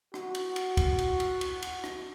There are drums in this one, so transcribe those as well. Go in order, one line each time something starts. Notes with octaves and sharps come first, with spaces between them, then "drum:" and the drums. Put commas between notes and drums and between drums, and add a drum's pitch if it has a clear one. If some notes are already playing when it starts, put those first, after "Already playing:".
F#4, drum: rim click
drum: cymbal
drum: cymbal
drum: kick, cymbal
drum: cymbal
drum: cymbal
drum: cymbal
drum: cymbal
drum: rim click